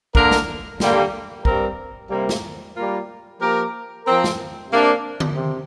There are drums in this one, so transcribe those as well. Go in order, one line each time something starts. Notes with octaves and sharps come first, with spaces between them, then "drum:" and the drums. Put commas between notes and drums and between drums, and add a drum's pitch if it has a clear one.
D3 A#3 D4 A#4, drum: kick
drum: snare
D3 G3 A#3, drum: snare
G2 G3 C4 A#4, drum: kick
C3 G3 A#3
drum: snare
G3 A#3 F4 A#4
F3 A#3 G4 A#4
F3 C4 A#4
drum: snare
C3 A#3 D4
drum: tom D3
C3